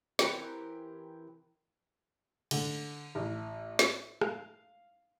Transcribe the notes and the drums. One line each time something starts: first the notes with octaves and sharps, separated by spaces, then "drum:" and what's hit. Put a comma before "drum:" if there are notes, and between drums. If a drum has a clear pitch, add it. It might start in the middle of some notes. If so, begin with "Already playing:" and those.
E3 C4 G4 A#4, drum: snare
D3, drum: cymbal
A1
drum: snare
F5, drum: rim click